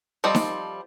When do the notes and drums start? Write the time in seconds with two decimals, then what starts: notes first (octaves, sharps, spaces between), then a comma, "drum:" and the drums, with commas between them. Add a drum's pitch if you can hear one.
0.24 F3 G3 C4 A4 D#5
0.35 drum: snare D#4